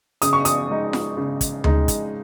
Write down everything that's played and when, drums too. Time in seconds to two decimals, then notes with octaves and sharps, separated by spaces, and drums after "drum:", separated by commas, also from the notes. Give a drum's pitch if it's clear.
0.22 C#3 D#6, drum: hi-hat
0.33 C#6
0.45 D#6, drum: hi-hat
0.69 G#3 D#4
0.93 drum: snare F4
1.17 C#3
1.41 drum: kick, hi-hat
1.64 G#3 D#4, drum: tom D2
1.88 drum: kick, hi-hat